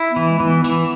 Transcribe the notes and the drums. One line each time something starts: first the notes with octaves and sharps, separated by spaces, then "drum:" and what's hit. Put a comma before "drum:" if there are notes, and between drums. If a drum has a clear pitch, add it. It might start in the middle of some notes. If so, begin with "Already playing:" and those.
Already playing: E4
B3
E3
G#3
E3
B3
E3, drum: open hi-hat